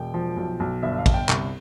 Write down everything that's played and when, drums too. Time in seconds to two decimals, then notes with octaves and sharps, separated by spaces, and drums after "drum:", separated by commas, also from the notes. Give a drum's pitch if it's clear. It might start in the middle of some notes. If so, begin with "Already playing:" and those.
Already playing: E1 G5
0.14 F3
0.37 B1
0.60 B1
0.83 G1 E5
0.98 F5
1.06 G1, drum: kick A1, cymbal
1.14 G5
1.29 C2, drum: clap